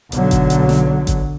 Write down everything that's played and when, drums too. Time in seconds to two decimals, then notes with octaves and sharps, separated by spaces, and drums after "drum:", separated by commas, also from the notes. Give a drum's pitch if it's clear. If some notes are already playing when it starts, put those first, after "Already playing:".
0.12 B1 D3 F#3, drum: hi-hat
0.31 drum: kick G#1, hi-hat
0.50 drum: hi-hat
0.69 drum: snare
1.07 drum: kick G#1, hi-hat